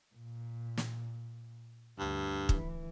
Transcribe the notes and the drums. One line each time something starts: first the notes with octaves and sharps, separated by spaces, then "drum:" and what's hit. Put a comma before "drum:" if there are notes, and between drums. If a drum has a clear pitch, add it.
A#2
drum: snare
D2 G2
E3, drum: kick